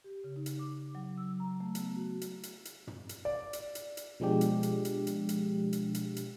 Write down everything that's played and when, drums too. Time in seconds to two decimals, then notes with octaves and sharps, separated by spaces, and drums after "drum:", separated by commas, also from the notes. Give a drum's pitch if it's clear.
0.04 G4
0.24 C#3
0.36 D#4
0.46 drum: hi-hat
0.59 D6
0.95 F#3
1.17 E6
1.40 A#5
1.60 A3
1.75 B3, drum: hi-hat
1.96 F#4
2.21 drum: hi-hat
2.43 drum: hi-hat
2.65 drum: hi-hat
2.87 drum: tom
3.09 drum: hi-hat
3.25 D5
3.53 drum: hi-hat
3.75 drum: hi-hat
3.97 drum: hi-hat
4.20 B2 F3 G#3 D4 G4
4.41 drum: hi-hat
4.63 drum: hi-hat
4.85 drum: hi-hat
5.07 drum: hi-hat
5.29 drum: hi-hat
5.73 drum: hi-hat
5.95 drum: hi-hat
6.16 drum: hi-hat